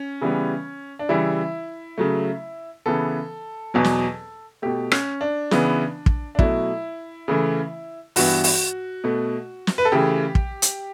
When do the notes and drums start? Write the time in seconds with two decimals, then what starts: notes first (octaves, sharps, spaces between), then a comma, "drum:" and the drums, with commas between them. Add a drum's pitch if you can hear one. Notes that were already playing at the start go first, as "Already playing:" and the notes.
Already playing: C#4
0.21 C#3 E3 G3 B3
0.99 D4
1.09 C#3 E3 G3 E4
1.98 C#3 F#3 A3
2.86 C#3 E3 B3 A4
3.74 E2 B2 F#3
3.84 drum: snare
4.62 B2 A3 G4
4.92 C#4, drum: rim click
5.21 D4
5.51 C#3 E3 B3, drum: snare
6.06 drum: kick
6.35 D4
6.39 B2 F#3 A3 E4, drum: kick
7.28 C#3 E3 A3
8.16 G2 E3 B3 F#4, drum: open hi-hat
8.44 drum: open hi-hat
9.04 B2 A3
9.67 drum: snare
9.78 B4
9.85 A4
9.92 C#3 E3 A3 G4
10.35 drum: kick
10.62 drum: hi-hat